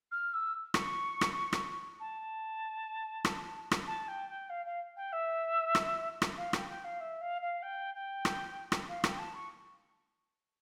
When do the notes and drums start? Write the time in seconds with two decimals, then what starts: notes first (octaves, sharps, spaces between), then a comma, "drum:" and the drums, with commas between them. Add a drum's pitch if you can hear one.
0.11 F6
0.33 E6
0.74 C#6, drum: rim click
1.21 drum: rim click
1.53 drum: rim click
2.00 A5
3.25 drum: rim click
3.71 drum: rim click
3.87 A5
4.08 G5
4.29 G5
4.49 F5
4.65 F5
4.96 G5
5.12 E5
5.75 drum: rim click
6.22 drum: rim click
6.37 F5
6.53 G5, drum: rim click
6.68 G5
6.84 F5
7.00 E5
7.21 F5
7.41 F5
7.62 G5
7.94 G5
8.25 drum: rim click
8.72 drum: rim click
8.88 F5
9.04 G5, drum: rim click
9.18 A5
9.34 C#6